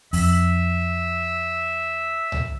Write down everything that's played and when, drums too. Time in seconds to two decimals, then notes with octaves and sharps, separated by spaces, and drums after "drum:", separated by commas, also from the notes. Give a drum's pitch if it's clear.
0.13 F2 E5, drum: open hi-hat
2.32 drum: tom C2